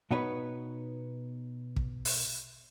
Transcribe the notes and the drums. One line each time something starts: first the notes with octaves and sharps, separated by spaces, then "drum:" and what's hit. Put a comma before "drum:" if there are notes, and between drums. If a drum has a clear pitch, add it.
B2 B3 D#4 B4 C#5
drum: kick
drum: open hi-hat